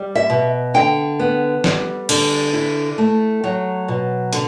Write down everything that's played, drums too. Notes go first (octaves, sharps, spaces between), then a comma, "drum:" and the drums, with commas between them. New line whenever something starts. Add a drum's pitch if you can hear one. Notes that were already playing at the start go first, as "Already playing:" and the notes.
Already playing: G3
E5
B2
D3 G5
B3
G3, drum: snare
D3, drum: cymbal
E4
A3
F#3
B2
D3, drum: hi-hat